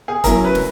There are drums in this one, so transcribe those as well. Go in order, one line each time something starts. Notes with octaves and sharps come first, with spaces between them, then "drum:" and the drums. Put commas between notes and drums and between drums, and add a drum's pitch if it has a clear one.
G#4
F#3 C#4 E4 A#4, drum: kick, hi-hat
B4
drum: snare